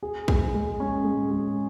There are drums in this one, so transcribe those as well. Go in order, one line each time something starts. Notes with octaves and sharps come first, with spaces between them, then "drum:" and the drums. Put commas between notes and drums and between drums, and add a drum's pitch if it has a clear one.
G#4
G#4, drum: kick A#1
G#3
C#4
G#3
G#4